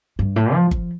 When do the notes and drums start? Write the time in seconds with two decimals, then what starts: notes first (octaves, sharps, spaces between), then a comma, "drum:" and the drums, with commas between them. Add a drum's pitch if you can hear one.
0.19 G2
0.36 A2
0.54 F3
0.71 F3, drum: kick G1